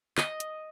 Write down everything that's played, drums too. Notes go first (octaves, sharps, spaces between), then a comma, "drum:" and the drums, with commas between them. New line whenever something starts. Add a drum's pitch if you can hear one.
D#5, drum: clap
drum: hi-hat